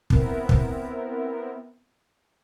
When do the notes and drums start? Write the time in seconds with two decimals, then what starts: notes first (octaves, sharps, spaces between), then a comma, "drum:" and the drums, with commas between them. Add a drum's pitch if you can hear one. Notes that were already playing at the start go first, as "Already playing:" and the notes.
0.10 B3 C4 E4 A#4, drum: kick
0.49 drum: kick